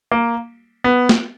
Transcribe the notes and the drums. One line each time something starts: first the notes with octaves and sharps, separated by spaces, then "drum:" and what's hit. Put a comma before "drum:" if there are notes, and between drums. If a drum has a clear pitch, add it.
A#3
B3
drum: snare